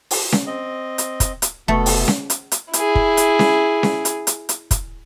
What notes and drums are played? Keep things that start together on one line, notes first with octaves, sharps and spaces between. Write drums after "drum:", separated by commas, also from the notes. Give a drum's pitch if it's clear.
drum: open hi-hat
drum: snare C#4
C4 D#5
drum: hi-hat
drum: kick, hi-hat
drum: hi-hat
F1 B2 A3 B3 A4
drum: open hi-hat
drum: snare C#4
drum: hi-hat
drum: hi-hat
E4 G#4, drum: hi-hat
drum: kick
drum: hi-hat
drum: snare C#4
drum: snare C#4
drum: hi-hat
drum: hi-hat
drum: hi-hat
drum: kick, hi-hat